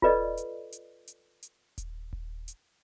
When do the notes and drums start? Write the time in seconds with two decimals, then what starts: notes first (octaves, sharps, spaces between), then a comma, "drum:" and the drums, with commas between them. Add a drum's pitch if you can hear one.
0.02 F4 A4 B4 D5 D#5, drum: kick D#1
0.37 drum: hi-hat
0.72 drum: hi-hat
1.08 drum: hi-hat
1.43 drum: hi-hat
1.78 drum: kick D#1, hi-hat
2.13 drum: kick D#1
2.48 drum: hi-hat